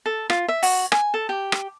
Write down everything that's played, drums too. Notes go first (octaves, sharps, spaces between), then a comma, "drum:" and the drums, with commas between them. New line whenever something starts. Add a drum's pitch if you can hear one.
A4
F4, drum: rim click
E5
F#4, drum: open hi-hat
G#5, drum: rim click
A4
G4
drum: rim click